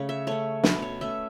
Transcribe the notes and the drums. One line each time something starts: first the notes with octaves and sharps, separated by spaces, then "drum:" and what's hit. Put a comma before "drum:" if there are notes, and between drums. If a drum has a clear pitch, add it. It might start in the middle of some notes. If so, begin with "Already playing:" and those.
Already playing: C#3 A3 C#4 C#5
E5
A3 C#4 C#5
B2 B4, drum: snare
C#5
A3 C#4 E5